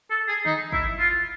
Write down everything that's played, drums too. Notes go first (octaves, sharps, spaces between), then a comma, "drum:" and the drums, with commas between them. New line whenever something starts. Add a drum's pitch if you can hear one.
A4
G#4
D#4, drum: tom D3
E4, drum: kick
F4